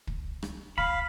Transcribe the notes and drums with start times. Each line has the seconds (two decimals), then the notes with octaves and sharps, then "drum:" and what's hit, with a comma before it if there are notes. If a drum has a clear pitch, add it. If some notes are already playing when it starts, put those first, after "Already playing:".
0.07 drum: kick
0.42 drum: rim click
0.78 F5 B5, drum: kick